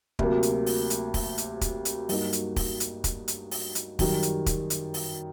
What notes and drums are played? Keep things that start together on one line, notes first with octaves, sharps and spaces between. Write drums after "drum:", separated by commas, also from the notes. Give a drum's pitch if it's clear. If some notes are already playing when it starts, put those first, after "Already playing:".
D2 C3 F#3 A#3, drum: kick
drum: hi-hat
drum: open hi-hat
drum: hi-hat
drum: kick, open hi-hat
drum: hi-hat
drum: kick, hi-hat
drum: hi-hat
G2 F#3 A#3 D#4 F#4, drum: open hi-hat
drum: hi-hat
drum: kick, open hi-hat
drum: hi-hat
drum: kick, hi-hat
drum: hi-hat
drum: open hi-hat
drum: hi-hat
F#2 D#3 G3, drum: kick, open hi-hat
drum: hi-hat
drum: kick, hi-hat
drum: hi-hat
drum: open hi-hat